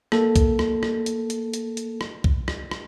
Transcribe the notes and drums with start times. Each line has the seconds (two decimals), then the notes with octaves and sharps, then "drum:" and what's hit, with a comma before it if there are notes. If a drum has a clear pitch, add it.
0.12 A#3 A4, drum: rim click
0.36 drum: kick C2, hi-hat
0.59 drum: rim click
0.83 drum: rim click
1.06 drum: hi-hat
1.30 drum: hi-hat
1.54 drum: hi-hat
1.77 drum: hi-hat
2.01 drum: rim click
2.24 drum: kick C2
2.48 drum: rim click
2.71 drum: rim click